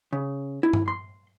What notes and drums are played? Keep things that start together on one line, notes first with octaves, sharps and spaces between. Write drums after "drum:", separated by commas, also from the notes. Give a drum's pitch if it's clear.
C#3
E4
drum: tom G2
C6